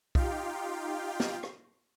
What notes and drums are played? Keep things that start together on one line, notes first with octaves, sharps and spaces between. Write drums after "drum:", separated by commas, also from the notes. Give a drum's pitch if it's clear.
D#4 F4 G4 F5 G5, drum: kick B1
drum: snare
drum: rim click